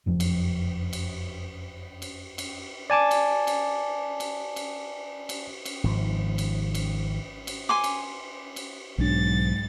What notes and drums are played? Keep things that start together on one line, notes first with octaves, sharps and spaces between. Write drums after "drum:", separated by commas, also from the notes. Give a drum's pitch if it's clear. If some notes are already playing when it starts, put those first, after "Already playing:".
F#1 F2 C#3 F3
drum: cymbal
drum: cymbal
drum: cymbal
drum: cymbal
D5 G#5 A5 D6
drum: cymbal
drum: cymbal
drum: cymbal
drum: cymbal
drum: cymbal
drum: cymbal
G#1 G#2 F3
drum: cymbal
drum: cymbal
drum: cymbal
G#5 C6 D6
drum: cymbal
drum: cymbal
B1 G#2 F#3 D4 A6